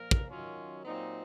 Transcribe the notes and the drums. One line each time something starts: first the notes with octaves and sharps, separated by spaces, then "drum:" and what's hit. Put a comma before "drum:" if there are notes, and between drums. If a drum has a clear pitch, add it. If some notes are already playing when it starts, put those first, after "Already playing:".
Already playing: A#2 F3 A#4
drum: kick
F#2 D#3 F#3 C#4 F4
A#2 F#3 C4 D#4